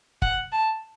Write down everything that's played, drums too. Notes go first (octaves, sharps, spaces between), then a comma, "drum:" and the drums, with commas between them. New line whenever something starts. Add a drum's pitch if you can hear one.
F#5, drum: kick
A5